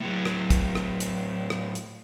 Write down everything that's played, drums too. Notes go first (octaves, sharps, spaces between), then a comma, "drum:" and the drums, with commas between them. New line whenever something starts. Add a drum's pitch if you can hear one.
A2 F#3
drum: rim click
drum: kick, hi-hat
drum: rim click
drum: hi-hat
drum: rim click
drum: hi-hat